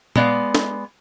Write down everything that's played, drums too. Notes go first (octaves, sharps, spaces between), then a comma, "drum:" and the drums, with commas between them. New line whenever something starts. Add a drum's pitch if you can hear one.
G#3 B3 D5 F5, drum: tom A#2
drum: snare